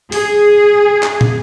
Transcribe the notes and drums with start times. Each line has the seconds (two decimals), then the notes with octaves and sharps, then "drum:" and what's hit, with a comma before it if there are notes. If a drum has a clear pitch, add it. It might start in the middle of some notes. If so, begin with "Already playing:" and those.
0.12 G#4, drum: open hi-hat
1.03 drum: clap
1.21 drum: tom